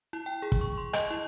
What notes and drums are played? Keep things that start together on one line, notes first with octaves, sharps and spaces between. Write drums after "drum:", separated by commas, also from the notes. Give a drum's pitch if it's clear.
E4
G5
G#4
drum: kick
C#6
C6
D#5, drum: rim click
E4